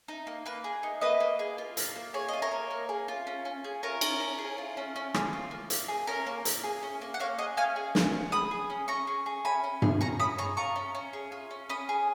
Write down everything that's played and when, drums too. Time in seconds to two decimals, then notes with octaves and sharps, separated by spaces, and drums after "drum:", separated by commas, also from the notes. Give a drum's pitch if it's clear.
0.08 D#4
0.27 A#3
0.46 A#3 B4
0.64 G#4
0.83 D#4
1.01 A#3 B4 D#5
1.20 A#3
1.39 G#4
1.58 F4
1.77 A#3, drum: hi-hat
1.96 A#3
2.14 G#4 C#5
2.28 F4 D#5
2.42 A#4 C#5
2.52 A#3
2.70 A#3
2.89 G#4
3.08 F4
3.27 C#4
3.45 C#4
3.64 G#4
3.83 F4 A#4 C#5
4.01 C#4, drum: cymbal
4.20 C#4
4.39 G#4
4.58 F4
4.77 C#4
4.96 C#4
5.14 G#4, drum: rim click
5.33 F4
5.51 A#3
5.70 A#3, drum: hi-hat
5.88 G#4
6.07 C#4 A#4 C#5
6.26 A#3
6.45 A#3, drum: hi-hat
6.64 G#4
6.83 C#4
7.01 A#3
7.14 F#5
7.20 A#3 C#5 F5
7.38 G#4 D#5 F#5
7.57 C#4 F5 G#5
7.76 G#4
7.95 C#4, drum: snare
8.13 C#4
8.32 G#4 B5 D#6
8.51 G#4
8.70 C#4
8.88 C#4 A#5 C#6
9.07 G#4
9.26 G#4
9.45 C#4 G#5 B5
9.64 C#4
9.82 G#4, drum: tom G2
10.01 C#4 A#5 C#6
10.20 C#4 B5 D#6
10.38 G#4 A#5 C#6
10.57 F4 A#5 C#6
10.76 C#4
10.95 C#4
11.13 G#4
11.32 F4
11.51 C#4
11.69 C#4 B5 D#6
11.89 G#4